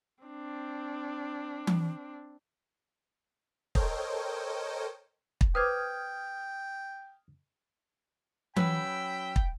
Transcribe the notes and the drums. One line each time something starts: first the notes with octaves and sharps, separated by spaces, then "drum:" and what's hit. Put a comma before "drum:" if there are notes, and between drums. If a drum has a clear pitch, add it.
C4 D4
drum: tom E3
A4 A#4 C5 C#5 D#5 G5, drum: kick
drum: kick
B4 C5 G5 D6 D#6 F6 G#6
F#3 C#4 B4 G5 B5 E6, drum: tom E3
drum: kick